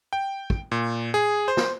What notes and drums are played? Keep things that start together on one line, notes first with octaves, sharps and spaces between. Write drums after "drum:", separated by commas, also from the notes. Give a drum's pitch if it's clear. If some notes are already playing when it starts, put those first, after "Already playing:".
G5
drum: kick
A#2
G#4
C5
drum: snare